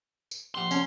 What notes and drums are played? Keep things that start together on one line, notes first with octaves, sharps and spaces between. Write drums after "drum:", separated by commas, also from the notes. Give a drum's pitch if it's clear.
drum: tambourine
A#1 G4 F#5 C6
C#4, drum: tambourine